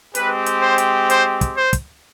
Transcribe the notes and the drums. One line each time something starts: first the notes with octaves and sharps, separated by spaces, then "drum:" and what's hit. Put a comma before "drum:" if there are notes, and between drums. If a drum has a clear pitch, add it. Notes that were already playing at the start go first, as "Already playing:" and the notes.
G#3 C4 G4 B4, drum: hi-hat
drum: hi-hat
C5
drum: hi-hat
C5, drum: hi-hat
drum: kick, hi-hat
C5
drum: kick, hi-hat